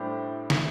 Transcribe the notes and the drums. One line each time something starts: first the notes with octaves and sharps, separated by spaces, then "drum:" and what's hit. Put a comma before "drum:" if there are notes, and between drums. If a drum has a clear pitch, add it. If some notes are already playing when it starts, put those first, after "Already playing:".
Already playing: A2 G3 D4 E4 G4 C5
drum: snare